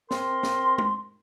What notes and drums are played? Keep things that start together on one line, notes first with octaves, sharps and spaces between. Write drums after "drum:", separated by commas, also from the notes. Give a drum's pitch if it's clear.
C4 A#4 C6, drum: snare
drum: snare
drum: tom